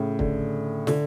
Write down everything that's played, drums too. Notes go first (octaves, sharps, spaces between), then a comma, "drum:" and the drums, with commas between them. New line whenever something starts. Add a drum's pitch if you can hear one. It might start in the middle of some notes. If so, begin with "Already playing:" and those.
Already playing: A2 C#3
D3, drum: kick
D3, drum: snare